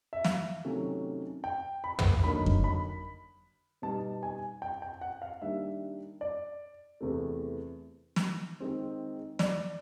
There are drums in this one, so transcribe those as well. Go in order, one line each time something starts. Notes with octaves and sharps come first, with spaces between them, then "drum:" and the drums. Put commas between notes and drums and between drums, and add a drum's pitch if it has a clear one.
E5
F5, drum: snare
C3 D#3 F#3 A3 C#4
G5
B5
drum: tom
D3 F#3 A#3 D#4 B5
drum: kick F2
B5
B2 G3 B3 D#4 A5
G#5
G5
G5
F#5
F5
D#3 G3 A#3 D4 E5
D5
E2 C3 E3 A3
drum: snare
D#3 G#3 C4
D5, drum: snare